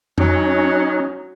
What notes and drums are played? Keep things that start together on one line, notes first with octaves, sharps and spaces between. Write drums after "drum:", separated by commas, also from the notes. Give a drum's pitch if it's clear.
F#3 C#4 D#4, drum: tom F2